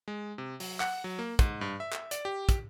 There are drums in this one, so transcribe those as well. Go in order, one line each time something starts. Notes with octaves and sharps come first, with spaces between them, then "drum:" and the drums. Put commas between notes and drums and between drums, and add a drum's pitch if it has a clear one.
G#3
C3
F#3, drum: open hi-hat
F#5, drum: clap
F#3
A#3
G#2, drum: kick, hi-hat
G2
E5
drum: clap
D5, drum: hi-hat
G4
drum: kick, hi-hat